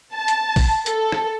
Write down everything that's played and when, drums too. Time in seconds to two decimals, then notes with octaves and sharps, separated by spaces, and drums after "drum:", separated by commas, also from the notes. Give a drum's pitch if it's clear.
0.14 A5
0.28 drum: hi-hat
0.56 drum: kick, open hi-hat
0.86 A4, drum: hi-hat
1.12 drum: rim click